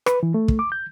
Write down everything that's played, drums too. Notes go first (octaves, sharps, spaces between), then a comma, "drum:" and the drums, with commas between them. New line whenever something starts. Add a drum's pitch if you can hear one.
B4, drum: rim click
E3
A3
drum: kick
D6
G6